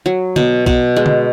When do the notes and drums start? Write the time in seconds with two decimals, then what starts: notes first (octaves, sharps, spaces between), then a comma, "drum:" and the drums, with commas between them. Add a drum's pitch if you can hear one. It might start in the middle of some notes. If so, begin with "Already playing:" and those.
0.06 F#3
0.36 B2, drum: tom
0.66 B2, drum: kick A#1
0.96 G#3
1.06 drum: tom